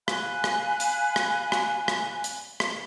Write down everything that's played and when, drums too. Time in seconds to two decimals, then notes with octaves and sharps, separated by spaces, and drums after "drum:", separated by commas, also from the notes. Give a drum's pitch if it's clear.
0.08 F5 G#5 B5 F#6, drum: rim click
0.44 drum: rim click
0.80 drum: hi-hat
1.16 drum: rim click
1.52 drum: rim click
1.88 drum: rim click
2.24 drum: hi-hat
2.60 drum: rim click